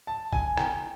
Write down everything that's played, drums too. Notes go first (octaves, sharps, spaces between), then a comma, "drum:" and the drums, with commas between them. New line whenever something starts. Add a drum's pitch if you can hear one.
A5
G#5, drum: kick
G5, drum: rim click